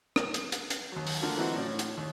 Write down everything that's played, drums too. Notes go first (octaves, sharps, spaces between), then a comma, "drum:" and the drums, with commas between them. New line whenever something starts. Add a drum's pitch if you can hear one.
drum: rim click
drum: hi-hat
drum: hi-hat
drum: hi-hat
D#2 F#3
drum: open hi-hat
D3 A3 A#3 D4 F4 F#4
E3 F#3 C4 D#4 E4 F#4
A2 C#4 D5
drum: hi-hat
D#2